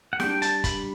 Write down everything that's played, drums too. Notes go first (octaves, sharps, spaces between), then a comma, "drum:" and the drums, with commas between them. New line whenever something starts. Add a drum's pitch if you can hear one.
F#5
G3 D4 G5, drum: snare
A5, drum: hi-hat
B5, drum: kick, hi-hat